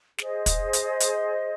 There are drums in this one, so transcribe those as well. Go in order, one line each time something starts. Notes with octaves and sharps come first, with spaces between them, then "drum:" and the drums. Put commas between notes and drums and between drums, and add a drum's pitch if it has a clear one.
G#4 C5 D#5, drum: snare
drum: kick, hi-hat
drum: hi-hat
drum: hi-hat